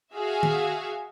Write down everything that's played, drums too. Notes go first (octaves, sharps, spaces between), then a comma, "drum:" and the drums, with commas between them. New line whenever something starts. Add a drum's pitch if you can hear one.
F#4 G#4 E5 F5
drum: tom D#3